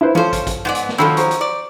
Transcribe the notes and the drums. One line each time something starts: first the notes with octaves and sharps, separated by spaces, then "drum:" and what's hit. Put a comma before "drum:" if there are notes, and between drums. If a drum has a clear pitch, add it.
E4 B4 C5
F3 C#4 F4 A4 C5
drum: kick, hi-hat
drum: kick, hi-hat
G#2 B3 D5
drum: hi-hat
drum: snare
D#3 F3 F#3 A4 B5 E6
C5 A#5 C#6, drum: hi-hat
drum: hi-hat
D5